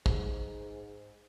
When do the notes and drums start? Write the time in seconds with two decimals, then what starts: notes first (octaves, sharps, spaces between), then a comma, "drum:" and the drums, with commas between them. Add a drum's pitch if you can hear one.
0.06 G#2, drum: kick